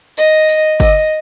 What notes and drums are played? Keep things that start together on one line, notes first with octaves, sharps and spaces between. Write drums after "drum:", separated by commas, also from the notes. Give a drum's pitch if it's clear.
D#5, drum: tambourine
drum: tambourine
D#5, drum: kick G1, tambourine